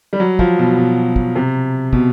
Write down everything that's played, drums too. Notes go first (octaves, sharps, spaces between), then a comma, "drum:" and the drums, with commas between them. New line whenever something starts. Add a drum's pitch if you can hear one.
G3
F#3
F3, drum: kick
B2
B2
drum: kick
C3
B2, drum: kick